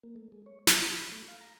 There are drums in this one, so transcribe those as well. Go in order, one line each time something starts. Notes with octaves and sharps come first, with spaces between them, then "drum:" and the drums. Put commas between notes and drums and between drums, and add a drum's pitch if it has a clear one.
A#3
A3
G#3
C#5
B3, drum: snare
D#6
B5
A3
F5
A#5